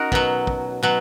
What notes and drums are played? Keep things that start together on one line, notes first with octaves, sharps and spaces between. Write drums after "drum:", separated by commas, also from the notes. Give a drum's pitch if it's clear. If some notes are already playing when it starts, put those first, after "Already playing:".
Already playing: C#4 D#4 F#4 A#4
B2 F#3, drum: kick
drum: kick
B2 F#3